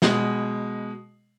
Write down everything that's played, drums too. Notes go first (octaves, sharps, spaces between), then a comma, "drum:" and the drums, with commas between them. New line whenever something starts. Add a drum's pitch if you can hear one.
B2 G#3, drum: snare